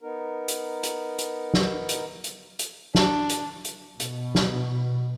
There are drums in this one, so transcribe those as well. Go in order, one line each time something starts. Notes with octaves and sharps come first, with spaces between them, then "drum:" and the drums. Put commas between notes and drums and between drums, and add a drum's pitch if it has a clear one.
B3 D#4 A#4
drum: hi-hat
drum: hi-hat
drum: hi-hat
drum: snare
drum: hi-hat
drum: hi-hat
drum: hi-hat
D4, drum: snare
drum: hi-hat
drum: hi-hat
B2, drum: hi-hat
drum: snare